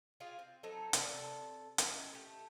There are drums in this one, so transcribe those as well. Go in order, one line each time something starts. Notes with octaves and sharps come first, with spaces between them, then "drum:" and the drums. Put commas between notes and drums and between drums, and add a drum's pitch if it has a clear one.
F4 G4 G#4 F5
C4
F#3 C4 D#4 A4
C3 A4 D5, drum: hi-hat
C#4 E4 D#5, drum: hi-hat
A3 G4